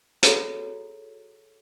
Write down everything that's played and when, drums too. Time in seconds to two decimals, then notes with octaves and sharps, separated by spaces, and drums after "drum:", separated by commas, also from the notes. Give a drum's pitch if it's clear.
0.23 F#4 G#4 A4 C#5 A#5, drum: hi-hat